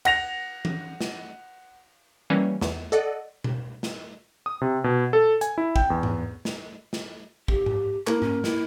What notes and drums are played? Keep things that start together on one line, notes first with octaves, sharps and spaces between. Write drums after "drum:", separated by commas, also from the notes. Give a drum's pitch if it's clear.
F#5 A#6 F7, drum: cymbal
drum: tom E3
drum: snare
E3 G3 A#3 C#4
E2, drum: snare
A4 D5 D#5 F#5
drum: tom B2
drum: snare
D#6
C3
B2
A4
G#5, drum: hi-hat
E4
G5, drum: kick
E2
drum: tom G#2
drum: snare
drum: snare
G4, drum: kick
drum: tom G#2
A#3 E4, drum: clap
C#4, drum: tom G#2
E4, drum: snare